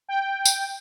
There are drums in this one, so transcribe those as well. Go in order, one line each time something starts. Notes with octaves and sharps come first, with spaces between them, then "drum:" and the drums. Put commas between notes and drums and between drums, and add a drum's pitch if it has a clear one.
G5
drum: tambourine